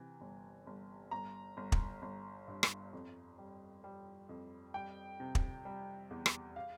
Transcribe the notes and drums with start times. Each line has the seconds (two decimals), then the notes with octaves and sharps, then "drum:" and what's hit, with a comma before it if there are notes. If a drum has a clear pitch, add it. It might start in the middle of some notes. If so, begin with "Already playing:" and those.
Already playing: C3 E3
0.21 G1
0.67 G1
1.11 G1 A#5
1.57 G1
1.72 drum: kick
2.02 G1
2.48 G2
2.63 drum: rim click
2.93 F2
3.38 G3
3.84 G3
4.29 F2
4.74 G3 G5
5.20 C3
5.35 drum: kick
5.65 G3
6.11 E2
6.26 drum: rim click
6.56 F5